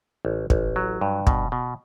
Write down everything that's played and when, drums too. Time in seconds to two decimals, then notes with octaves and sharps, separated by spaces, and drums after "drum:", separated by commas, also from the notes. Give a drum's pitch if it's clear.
0.25 A1
0.50 A1, drum: kick
0.76 F#3
1.01 G2
1.27 B2, drum: kick
1.52 B2